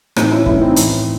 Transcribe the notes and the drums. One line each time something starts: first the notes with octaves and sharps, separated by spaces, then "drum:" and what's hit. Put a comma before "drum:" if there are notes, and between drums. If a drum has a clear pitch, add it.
A2 E3 C4 D#4, drum: rim click
C#4 E4
A2 E3 C#4 E4, drum: kick
C4 D#4
A2 E3, drum: hi-hat